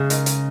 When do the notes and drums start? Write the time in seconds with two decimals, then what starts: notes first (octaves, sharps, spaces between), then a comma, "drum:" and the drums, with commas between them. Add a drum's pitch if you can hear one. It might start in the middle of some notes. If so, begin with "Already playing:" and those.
Already playing: C#3 G#3 D#4
0.10 G#3 D#4 A#4 D#5, drum: hi-hat
0.26 drum: hi-hat